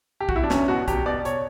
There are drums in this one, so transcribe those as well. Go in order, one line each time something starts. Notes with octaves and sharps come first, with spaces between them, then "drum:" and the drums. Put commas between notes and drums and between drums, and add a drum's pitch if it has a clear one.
G4
F#4, drum: kick
E4
D4
E2 C#4, drum: snare
B2 F#4
E2 G4, drum: kick, hi-hat
B2 D5
C#5, drum: hi-hat